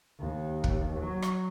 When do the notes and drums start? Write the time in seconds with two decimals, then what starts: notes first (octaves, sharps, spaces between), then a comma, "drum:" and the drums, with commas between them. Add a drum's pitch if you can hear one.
0.20 D#2
0.64 drum: kick
1.00 F#3
1.22 drum: rim click